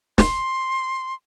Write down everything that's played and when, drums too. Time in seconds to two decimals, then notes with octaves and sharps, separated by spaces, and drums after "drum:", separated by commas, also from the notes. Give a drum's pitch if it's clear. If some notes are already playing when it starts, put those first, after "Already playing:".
0.18 C6, drum: snare